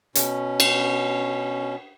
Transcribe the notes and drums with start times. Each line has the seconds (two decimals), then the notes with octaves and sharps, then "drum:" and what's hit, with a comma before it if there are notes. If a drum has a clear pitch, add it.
0.15 B2 C#4, drum: hi-hat
0.60 drum: cymbal